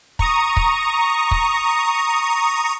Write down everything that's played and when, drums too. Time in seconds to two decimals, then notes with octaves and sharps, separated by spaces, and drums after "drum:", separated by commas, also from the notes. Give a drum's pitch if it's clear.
0.19 A#5 C#6 D#6, drum: kick
0.57 drum: kick
1.31 drum: kick